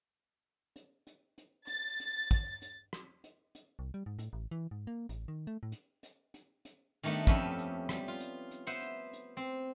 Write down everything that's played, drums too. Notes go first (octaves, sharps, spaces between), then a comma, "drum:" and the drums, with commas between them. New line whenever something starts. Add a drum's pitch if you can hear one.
drum: hi-hat
drum: hi-hat
drum: hi-hat
A6, drum: hi-hat
drum: hi-hat
drum: kick, hi-hat
drum: hi-hat
drum: rim click
drum: hi-hat
drum: hi-hat
C2
G3
G#2
A2, drum: hi-hat
A1
E3
G#2
A#3
A1, drum: hi-hat
D#3
A3
A2
drum: hi-hat
drum: hi-hat
drum: hi-hat
drum: hi-hat
D#3 G3 A3 B3 D4
F2 B3 C#4 G4 E5 B5, drum: kick, hi-hat
drum: hi-hat
G3 B3, drum: rim click
F4
drum: hi-hat
drum: hi-hat
B3 C5 E5 F#5
drum: hi-hat
drum: hi-hat
C4